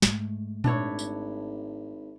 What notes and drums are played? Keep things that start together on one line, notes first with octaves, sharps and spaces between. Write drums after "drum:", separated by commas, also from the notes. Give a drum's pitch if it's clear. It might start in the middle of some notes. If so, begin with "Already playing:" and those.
G#2 A3, drum: snare
G#1 D4 E4 C#5, drum: tom A#2
drum: tambourine